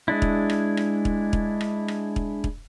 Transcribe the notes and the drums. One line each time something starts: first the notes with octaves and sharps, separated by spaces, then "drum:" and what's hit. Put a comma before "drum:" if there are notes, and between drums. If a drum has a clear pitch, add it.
G#3 D4 E4
drum: kick
drum: rim click
drum: rim click
drum: kick
drum: kick
drum: rim click
drum: rim click
drum: kick
drum: kick